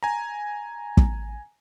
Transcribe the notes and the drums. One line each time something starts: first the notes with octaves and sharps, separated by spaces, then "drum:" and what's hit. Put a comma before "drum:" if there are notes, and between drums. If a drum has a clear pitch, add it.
G#5 A#5
drum: kick